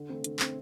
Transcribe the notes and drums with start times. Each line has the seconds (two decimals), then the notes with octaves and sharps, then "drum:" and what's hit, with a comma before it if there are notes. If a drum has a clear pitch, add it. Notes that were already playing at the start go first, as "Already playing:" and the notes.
Already playing: D3
0.09 A3 C4
0.24 D3, drum: hi-hat
0.39 A3 C4, drum: clap